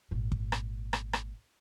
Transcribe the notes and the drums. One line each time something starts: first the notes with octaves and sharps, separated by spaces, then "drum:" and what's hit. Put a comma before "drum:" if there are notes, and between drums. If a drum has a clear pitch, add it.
G#1 A#2
drum: kick
drum: rim click
drum: rim click
drum: rim click